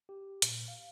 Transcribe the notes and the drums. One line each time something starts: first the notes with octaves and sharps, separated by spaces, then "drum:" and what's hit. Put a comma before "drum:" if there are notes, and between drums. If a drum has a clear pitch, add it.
G4
A#2, drum: hi-hat
F5